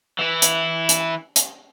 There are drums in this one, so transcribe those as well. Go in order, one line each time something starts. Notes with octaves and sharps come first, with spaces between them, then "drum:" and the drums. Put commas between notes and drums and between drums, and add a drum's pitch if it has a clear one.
E3 E4
drum: hi-hat
drum: hi-hat
drum: hi-hat